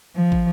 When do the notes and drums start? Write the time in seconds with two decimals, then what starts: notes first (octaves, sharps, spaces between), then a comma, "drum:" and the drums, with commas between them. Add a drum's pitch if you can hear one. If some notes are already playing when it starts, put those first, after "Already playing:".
0.16 F3
0.32 drum: kick